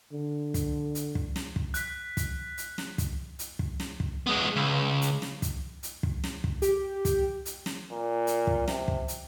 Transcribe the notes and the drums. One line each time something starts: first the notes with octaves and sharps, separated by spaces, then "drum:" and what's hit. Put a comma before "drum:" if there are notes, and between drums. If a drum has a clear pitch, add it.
D3
drum: kick, hi-hat
drum: hi-hat
drum: kick
drum: snare
drum: kick
F#6 B6, drum: hi-hat
drum: kick, hi-hat
drum: hi-hat
drum: snare
drum: kick, hi-hat
drum: hi-hat
drum: kick
drum: snare
drum: kick
G#3 B3
C#2
drum: hi-hat
drum: snare
drum: kick, hi-hat
drum: hi-hat
drum: kick
drum: snare
drum: kick
G4, drum: hi-hat
drum: kick, hi-hat
drum: hi-hat
drum: snare
A#2
drum: hi-hat
drum: kick
C3, drum: snare
drum: kick
drum: hi-hat